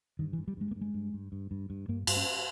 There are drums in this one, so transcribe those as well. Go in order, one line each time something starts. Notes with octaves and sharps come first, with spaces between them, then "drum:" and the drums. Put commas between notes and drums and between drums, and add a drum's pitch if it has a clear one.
G2 D#3
E3
G2
G3
G2 G#3
A#3
G2
G#3
G2
G2
G2
G2
G2
G2 A#3
G2, drum: cymbal
C#4